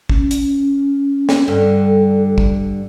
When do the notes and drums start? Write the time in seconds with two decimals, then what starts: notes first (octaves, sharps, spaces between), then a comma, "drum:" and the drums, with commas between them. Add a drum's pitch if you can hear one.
0.09 C#4, drum: kick
0.31 drum: hi-hat
1.29 drum: snare
1.48 G2 D3 A4
2.38 drum: kick